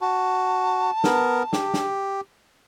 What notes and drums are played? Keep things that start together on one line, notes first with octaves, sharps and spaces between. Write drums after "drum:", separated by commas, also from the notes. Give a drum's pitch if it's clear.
F#4 A5
B3 A#4, drum: snare
G4, drum: snare
drum: snare